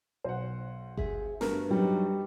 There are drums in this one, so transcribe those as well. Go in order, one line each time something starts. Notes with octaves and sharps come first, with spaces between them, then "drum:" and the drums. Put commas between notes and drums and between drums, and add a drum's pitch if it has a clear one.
B1 C5 F#5
G#4 E5, drum: kick G1
G2 A3 B3 F#4 A#4, drum: snare
F#3 G3 D#4